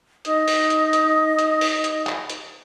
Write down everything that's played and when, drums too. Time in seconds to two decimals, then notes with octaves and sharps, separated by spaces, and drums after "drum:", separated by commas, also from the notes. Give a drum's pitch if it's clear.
0.25 D#4 D#5 D#6, drum: hi-hat
0.48 drum: open hi-hat
0.70 drum: hi-hat
0.93 drum: hi-hat
1.39 drum: hi-hat
1.61 drum: open hi-hat
1.84 drum: hi-hat
2.07 drum: clap
2.30 drum: hi-hat